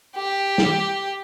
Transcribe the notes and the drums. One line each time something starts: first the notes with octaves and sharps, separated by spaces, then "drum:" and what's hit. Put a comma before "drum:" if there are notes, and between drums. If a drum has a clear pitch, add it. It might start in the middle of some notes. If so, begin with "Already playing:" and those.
G4
drum: snare